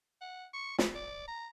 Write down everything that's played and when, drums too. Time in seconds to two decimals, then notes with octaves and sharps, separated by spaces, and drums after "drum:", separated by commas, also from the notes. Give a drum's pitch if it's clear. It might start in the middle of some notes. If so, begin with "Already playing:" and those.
0.21 F#5
0.53 C#6
0.79 B4, drum: snare
0.95 D5
1.28 A#5